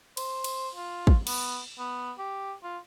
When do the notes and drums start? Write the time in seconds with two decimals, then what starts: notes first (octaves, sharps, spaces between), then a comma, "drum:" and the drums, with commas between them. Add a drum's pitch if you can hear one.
0.17 C5, drum: cymbal
0.44 drum: cymbal
0.75 F4
1.07 drum: kick
1.27 B3, drum: cymbal
1.79 B3
2.18 G4
2.63 F4